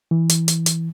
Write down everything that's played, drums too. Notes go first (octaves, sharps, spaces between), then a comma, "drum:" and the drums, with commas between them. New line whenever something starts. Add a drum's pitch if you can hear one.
E3
drum: hi-hat
drum: hi-hat
drum: hi-hat